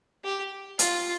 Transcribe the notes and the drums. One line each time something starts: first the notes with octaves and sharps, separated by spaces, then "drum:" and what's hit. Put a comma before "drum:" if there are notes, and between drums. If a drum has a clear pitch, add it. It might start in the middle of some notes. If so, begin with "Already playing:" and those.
G4
F4, drum: hi-hat